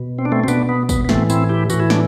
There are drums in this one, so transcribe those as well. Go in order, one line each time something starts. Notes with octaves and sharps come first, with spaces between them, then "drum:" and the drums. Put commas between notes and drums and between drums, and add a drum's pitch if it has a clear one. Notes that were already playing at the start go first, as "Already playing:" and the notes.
Already playing: B2
C4
D4
A3 C4
C4
B2 B3 D4, drum: tambourine
B3
B3, drum: kick, tambourine
B3
A2 E3 A3 C4, drum: snare
C4 E4, drum: tambourine
E4 G4
A2 E3 F#4, drum: tambourine
E4
D4, drum: snare